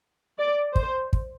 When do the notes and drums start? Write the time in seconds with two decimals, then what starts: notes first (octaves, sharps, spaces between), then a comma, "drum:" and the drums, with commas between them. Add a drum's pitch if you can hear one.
0.39 D5
0.76 C5, drum: kick
1.13 drum: kick